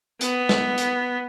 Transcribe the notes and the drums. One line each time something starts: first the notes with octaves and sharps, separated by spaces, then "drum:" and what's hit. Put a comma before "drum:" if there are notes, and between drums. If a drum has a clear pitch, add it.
B3, drum: hi-hat
drum: snare
drum: hi-hat